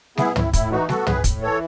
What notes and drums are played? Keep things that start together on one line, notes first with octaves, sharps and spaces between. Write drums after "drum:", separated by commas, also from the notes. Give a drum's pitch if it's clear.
B3 E4 G#4, drum: snare G3
A2 E4, drum: tom
A2 E4, drum: kick, hi-hat
E3 D#4 F#4
B3 F#4 A4, drum: snare G3
A2 G#4 B4, drum: tom
A2, drum: kick, hi-hat
E3 A4 C#5